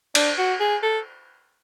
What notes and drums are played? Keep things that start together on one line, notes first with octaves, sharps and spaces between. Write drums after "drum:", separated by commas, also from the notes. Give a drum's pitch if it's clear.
D4, drum: cymbal
F#4
G#4
A4